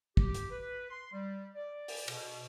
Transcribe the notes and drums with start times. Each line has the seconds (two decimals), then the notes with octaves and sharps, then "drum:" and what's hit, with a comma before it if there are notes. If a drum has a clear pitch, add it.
0.17 G4, drum: kick
0.34 drum: hi-hat
0.51 B4
0.90 C6
1.13 G3
1.55 D5
1.88 drum: open hi-hat
2.08 B2, drum: cymbal